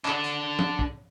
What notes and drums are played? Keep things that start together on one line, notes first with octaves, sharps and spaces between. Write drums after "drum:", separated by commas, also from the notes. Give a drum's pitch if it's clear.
D4 A4, drum: clap
drum: hi-hat
drum: tom
drum: kick